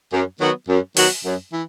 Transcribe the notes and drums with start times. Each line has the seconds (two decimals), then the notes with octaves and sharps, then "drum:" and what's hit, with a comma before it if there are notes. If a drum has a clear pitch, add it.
0.13 F#2
0.41 D#3 F#3 B3 F#4
0.69 F#2
0.97 D#3 F#3 B3 F#4, drum: open hi-hat
1.25 F#2
1.53 E3